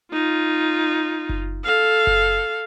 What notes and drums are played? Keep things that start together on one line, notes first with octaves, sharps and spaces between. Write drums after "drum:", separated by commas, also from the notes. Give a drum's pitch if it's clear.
D#4 F4
drum: kick F#1
A4 F5
drum: kick F#1